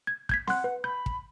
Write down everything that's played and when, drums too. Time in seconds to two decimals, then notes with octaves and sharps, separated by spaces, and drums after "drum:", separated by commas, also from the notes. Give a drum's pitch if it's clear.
0.07 G#6
0.29 G6 G#6 B6, drum: kick
0.47 F#5 C6 F#6, drum: snare C4
0.64 B4
0.84 B5 G6
1.06 drum: kick